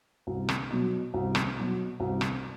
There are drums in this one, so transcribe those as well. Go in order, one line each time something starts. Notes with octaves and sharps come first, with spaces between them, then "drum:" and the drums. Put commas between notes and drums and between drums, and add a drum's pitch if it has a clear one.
C2
drum: rim click
B2 F#3
C2
drum: rim click
B2 F#3
C2
drum: rim click